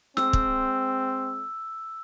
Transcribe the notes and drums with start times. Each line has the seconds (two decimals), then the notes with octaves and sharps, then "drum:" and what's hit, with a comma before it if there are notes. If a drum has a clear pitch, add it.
0.17 G#3 C4 E6, drum: snare
0.33 drum: kick